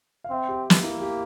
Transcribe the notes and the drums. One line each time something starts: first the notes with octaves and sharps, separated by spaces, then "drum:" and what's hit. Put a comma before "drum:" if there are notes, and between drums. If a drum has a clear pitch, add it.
F5
C4 E5
G4
drum: snare
A#3 E4
G4